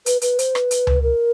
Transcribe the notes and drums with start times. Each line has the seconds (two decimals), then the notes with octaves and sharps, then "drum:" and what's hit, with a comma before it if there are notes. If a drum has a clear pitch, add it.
0.06 B4, drum: hi-hat
0.22 B4, drum: hi-hat
0.39 C5, drum: hi-hat
0.55 B4, drum: rim click
0.71 drum: hi-hat
0.87 drum: tom C#2
1.03 A#4